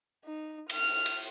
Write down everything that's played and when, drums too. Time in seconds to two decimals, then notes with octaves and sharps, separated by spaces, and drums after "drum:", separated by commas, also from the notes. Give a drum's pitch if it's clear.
0.24 D#4
0.70 F6, drum: cymbal
1.06 drum: cymbal